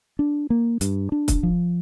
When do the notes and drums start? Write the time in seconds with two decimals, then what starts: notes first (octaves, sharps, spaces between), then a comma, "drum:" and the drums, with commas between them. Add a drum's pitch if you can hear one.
0.19 D4
0.50 A#3
0.81 G2, drum: hi-hat
1.12 D4
1.28 drum: kick, hi-hat
1.43 F3